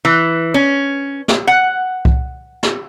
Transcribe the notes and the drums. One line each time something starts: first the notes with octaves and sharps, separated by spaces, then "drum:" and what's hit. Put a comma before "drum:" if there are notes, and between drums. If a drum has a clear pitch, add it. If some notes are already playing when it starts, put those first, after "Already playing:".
E3
C#4
drum: snare
F#5
drum: kick C2
drum: snare